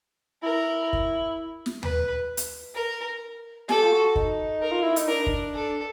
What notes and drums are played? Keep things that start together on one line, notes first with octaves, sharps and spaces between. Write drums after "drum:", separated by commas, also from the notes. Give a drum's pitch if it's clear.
E4 A#4
drum: kick
drum: snare
B4, drum: tom
drum: hi-hat
A#4
G4 A4, drum: snare
F4
F#4
D#4, drum: kick
A#4
F4
E4
D#4, drum: hi-hat
D4 A#4
drum: kick
A4